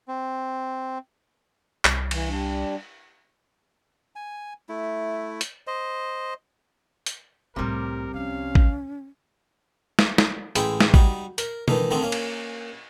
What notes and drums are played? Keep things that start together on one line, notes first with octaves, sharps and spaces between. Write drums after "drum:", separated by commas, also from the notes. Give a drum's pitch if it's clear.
C4
C2, drum: clap
E3, drum: cymbal
G3 D4
G#5
A3 E4
drum: hi-hat
C5 D#5
drum: hi-hat
C2 A2 C3 G3 A#4
C2 F3 C#4 F5
drum: kick A1
drum: snare
drum: snare
A1 G#3 E4 G#4 G5, drum: hi-hat
drum: snare
G3 D#4 F#4, drum: kick A1
A#4, drum: hi-hat
D#3 E3 A3 D#4, drum: tom B2
D3 D#3 A3 C4 D4 D#4
A#3 C#4
drum: cymbal